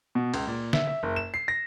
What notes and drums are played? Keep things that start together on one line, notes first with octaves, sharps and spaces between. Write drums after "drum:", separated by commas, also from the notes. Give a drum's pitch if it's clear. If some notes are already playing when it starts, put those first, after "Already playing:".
B2
C#2, drum: cymbal
A#2
E5, drum: snare D3
E5
F#1
E7
C7
A#6